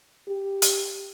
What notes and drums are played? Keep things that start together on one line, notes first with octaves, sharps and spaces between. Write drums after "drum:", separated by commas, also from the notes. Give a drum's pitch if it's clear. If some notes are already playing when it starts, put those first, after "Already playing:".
G4
drum: hi-hat